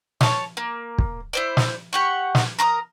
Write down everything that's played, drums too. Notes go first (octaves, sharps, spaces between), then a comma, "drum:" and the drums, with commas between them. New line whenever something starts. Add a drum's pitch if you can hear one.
C#5 A5, drum: snare
A#3
drum: kick
E4 C5 D5
drum: snare
G4 F#5 C#6
drum: snare
A#4 A#5 D6 D#6